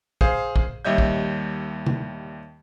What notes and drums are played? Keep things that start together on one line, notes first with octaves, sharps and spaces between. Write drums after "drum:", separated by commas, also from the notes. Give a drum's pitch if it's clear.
G#4 C5 F5, drum: kick
drum: kick
D#2 G3 C#5 D#5 E5 G6
drum: kick
drum: tom C3